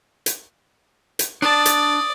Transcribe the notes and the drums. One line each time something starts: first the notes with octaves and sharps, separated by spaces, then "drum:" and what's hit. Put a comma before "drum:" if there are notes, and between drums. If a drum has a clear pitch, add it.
drum: hi-hat
drum: hi-hat
D4 D5 A5 D#6
drum: hi-hat